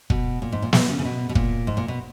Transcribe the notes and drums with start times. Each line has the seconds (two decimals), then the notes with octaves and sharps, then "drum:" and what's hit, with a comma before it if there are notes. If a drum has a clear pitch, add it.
0.10 B2, drum: kick
0.42 A#2
0.52 G#2
0.62 A#2
0.73 B2, drum: snare
0.88 C#3
0.99 C#3
1.05 B2
1.29 B2
1.35 A#2, drum: kick
1.67 G#2
1.77 A#2
1.88 B2